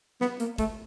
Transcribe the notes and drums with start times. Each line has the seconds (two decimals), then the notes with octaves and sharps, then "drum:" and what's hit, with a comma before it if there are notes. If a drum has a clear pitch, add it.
0.21 B3, drum: snare
0.40 A#3, drum: hi-hat
0.58 A3, drum: kick, hi-hat